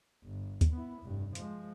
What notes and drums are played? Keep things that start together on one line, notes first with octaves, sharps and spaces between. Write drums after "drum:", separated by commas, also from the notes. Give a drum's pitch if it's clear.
G1
drum: kick D#2, hi-hat
B3 E4
F1 G2
F3 G#3, drum: hi-hat